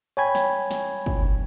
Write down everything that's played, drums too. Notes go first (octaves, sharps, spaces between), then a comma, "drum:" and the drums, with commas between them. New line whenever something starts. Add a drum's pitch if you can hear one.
C#5 G5 G#5 B5 G#6
drum: snare
drum: snare
drum: kick